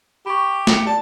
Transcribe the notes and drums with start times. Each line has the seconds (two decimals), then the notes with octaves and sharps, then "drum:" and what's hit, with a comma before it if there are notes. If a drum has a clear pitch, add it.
0.26 G4 B5 C#6
0.67 F4 C#7, drum: snare
0.86 D5 A5